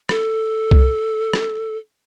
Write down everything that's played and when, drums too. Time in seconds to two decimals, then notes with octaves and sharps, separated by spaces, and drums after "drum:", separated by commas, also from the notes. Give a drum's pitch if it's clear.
0.09 A4, drum: rim click
0.71 drum: kick C2
1.33 drum: rim click